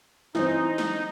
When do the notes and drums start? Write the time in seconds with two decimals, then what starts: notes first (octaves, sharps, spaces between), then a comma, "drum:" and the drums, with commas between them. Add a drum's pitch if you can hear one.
0.35 E3 C4 D#4, drum: snare
0.78 drum: snare